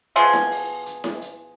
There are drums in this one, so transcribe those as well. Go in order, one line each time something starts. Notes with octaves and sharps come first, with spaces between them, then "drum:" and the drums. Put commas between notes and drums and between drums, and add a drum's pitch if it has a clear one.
B2 F3 G#4 C6, drum: hi-hat
drum: snare E4
drum: open hi-hat
drum: hi-hat
drum: snare E4
drum: hi-hat